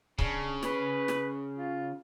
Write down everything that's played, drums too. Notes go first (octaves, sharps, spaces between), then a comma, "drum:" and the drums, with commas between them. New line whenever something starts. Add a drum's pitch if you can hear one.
C#3 D4, drum: kick
B4, drum: snare
drum: snare
F4